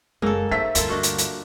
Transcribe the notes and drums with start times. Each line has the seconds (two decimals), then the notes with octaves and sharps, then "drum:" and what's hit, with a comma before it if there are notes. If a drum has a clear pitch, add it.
0.22 F#1 F#3 G#3 A#3 B3 A4
0.52 A3 D#4 C5 E5 B6
0.75 D2 G2 A#3 F4 A4, drum: hi-hat
0.88 G3 A3 A#3 D4 F#4 D#5
1.03 drum: hi-hat
1.18 drum: hi-hat